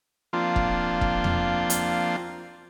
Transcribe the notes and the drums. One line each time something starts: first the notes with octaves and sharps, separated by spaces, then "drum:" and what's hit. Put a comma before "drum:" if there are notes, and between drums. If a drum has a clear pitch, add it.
F3 A#3 C4 D4 F4
drum: kick E1
drum: kick E1
drum: tom E2
drum: hi-hat